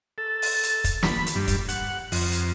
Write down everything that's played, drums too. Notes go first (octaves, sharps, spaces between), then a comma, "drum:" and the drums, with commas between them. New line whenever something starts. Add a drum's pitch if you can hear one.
A4
drum: open hi-hat
drum: hi-hat
drum: kick, hi-hat
B5, drum: snare
drum: hi-hat
G2
drum: kick, hi-hat
F#5, drum: hi-hat
F2, drum: open hi-hat
drum: hi-hat